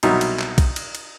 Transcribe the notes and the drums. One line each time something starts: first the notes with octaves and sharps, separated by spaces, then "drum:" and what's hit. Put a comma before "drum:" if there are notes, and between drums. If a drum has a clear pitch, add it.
C2 B2 F#3 D#4, drum: cymbal
drum: cymbal
drum: clap
drum: kick, cymbal
drum: cymbal
drum: cymbal